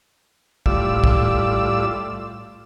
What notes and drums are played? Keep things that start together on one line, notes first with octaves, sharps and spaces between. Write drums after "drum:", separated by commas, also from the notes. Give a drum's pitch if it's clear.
A2 G3 F4 D5 E6, drum: kick
drum: kick